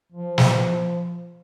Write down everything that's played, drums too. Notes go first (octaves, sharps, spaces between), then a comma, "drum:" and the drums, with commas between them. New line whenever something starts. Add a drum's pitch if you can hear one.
F3
drum: snare